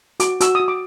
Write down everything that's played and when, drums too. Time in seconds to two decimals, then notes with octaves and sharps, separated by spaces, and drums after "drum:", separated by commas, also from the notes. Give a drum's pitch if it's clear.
0.20 F#4 D6, drum: hi-hat
0.40 F#4 E6, drum: hi-hat
0.55 F#4 D#6
0.68 D6